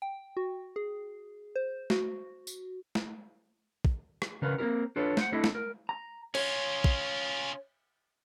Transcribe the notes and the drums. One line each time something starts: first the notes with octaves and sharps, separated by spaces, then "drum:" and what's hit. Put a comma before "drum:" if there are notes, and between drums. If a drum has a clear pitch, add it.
G5
F#4
G#4
C5
F#4, drum: snare
drum: tambourine
drum: snare
drum: kick
drum: rim click
C#3 C#4 A#4 B4
A#3 C4 E4 G4 A#4
D4 F4 A4 B4 C#5
C5 F#5, drum: snare
A3 C4 D4 E4 A4 D#5
drum: snare
A#4
A#5
C#4 F4 C#5, drum: cymbal
drum: kick